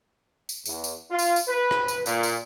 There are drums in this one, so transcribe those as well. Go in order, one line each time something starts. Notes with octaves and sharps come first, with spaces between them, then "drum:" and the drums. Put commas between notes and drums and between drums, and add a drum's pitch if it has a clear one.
drum: tambourine
E2, drum: tambourine
drum: tambourine
F4
drum: tambourine
drum: tambourine
B4
drum: rim click
drum: tambourine
A#2, drum: tambourine
drum: tambourine